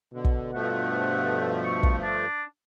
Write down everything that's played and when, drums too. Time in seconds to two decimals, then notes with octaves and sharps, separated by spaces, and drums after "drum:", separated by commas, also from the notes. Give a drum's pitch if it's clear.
0.13 B2 D3
0.24 drum: kick
0.54 G2 F3 A3 F#5
1.64 C#6
1.83 drum: kick
2.03 D4